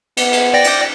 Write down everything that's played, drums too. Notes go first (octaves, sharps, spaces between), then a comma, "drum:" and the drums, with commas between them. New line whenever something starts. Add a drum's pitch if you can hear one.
B3, drum: cymbal
drum: cymbal
D5 G5 A#6
drum: cymbal